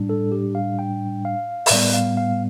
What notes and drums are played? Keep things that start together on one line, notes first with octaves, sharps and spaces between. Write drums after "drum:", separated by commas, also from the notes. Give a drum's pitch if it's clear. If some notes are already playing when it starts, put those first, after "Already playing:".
Already playing: A2 G3 D4
A4
G4
F5
G5
F5
E5, drum: open hi-hat
A2 G3 B3 D5
F5
F5